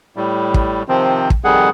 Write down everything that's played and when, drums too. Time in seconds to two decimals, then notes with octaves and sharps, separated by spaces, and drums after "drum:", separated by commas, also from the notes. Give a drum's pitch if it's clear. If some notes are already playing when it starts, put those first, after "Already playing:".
0.16 A2 G3
0.54 drum: kick
0.89 C3 D#3 F3 C4
1.30 drum: kick
1.44 F2 D#3 G3 G#4 F#5